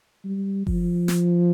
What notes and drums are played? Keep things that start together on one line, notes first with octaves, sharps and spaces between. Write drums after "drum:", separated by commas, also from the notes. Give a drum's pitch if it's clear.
G3
F3, drum: kick F#1
drum: snare